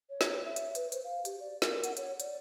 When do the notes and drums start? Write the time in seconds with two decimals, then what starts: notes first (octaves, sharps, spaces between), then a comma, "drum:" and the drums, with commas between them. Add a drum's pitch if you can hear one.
0.10 C#5
0.21 drum: snare
0.45 E5
0.56 drum: hi-hat
0.75 B4, drum: hi-hat
0.92 C5, drum: hi-hat
1.04 F5
1.25 G4, drum: hi-hat
1.40 D5
1.62 A#4, drum: snare
1.84 F#5, drum: hi-hat
1.97 C#5, drum: hi-hat
2.20 D5, drum: hi-hat